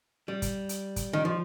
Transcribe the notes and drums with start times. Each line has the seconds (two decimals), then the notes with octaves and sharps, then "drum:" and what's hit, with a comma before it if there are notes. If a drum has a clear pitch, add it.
0.28 G3
0.42 drum: kick, hi-hat
0.69 drum: hi-hat
0.96 drum: kick, hi-hat
1.13 D#3
1.25 F3